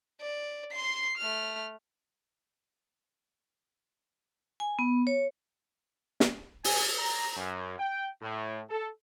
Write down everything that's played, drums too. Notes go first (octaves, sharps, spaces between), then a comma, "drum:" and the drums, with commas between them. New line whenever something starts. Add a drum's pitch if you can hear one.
D5
C6 C7
A3 F6
G#5
B3
C#5
drum: snare
G#5, drum: open hi-hat
A#5
F#2
G5
A2
A4